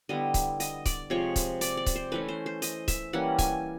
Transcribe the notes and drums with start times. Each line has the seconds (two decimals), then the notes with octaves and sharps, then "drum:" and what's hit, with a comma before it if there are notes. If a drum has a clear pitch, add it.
0.09 D3 G3 B3 E4 D#5
0.34 drum: kick C#1, hi-hat
0.60 D#5, drum: hi-hat
0.85 D5, drum: kick C#1, hi-hat
1.10 C3 F3 G#3 C#5
1.36 drum: kick C#1, hi-hat
1.61 D5, drum: hi-hat
1.77 D5
1.86 drum: kick C#1, hi-hat
1.95 C5
2.12 E3 A3 C#4 B4
2.29 C5
2.46 C5
2.62 D#5, drum: hi-hat
2.88 E5, drum: kick C#1, hi-hat
3.13 E3 G3 A#3 C#4 F#5
3.38 G#5, drum: kick C#1, hi-hat